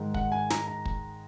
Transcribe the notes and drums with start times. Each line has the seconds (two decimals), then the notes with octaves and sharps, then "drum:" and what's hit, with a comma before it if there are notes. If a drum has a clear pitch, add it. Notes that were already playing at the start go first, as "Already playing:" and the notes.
Already playing: G#2 D#3 G#3
0.14 F#5, drum: kick
0.32 G#5
0.50 A#5, drum: snare
0.68 A#5
0.85 drum: kick